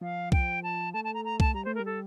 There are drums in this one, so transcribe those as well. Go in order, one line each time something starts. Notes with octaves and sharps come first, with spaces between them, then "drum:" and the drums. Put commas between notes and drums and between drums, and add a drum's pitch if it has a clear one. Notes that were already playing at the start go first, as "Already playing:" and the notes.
F3 F5
G5, drum: kick C2
A5
A3 A5
A5
A#5
A#5
A5, drum: kick C2
G3 A#5
A3 C5
A#4
G3
A4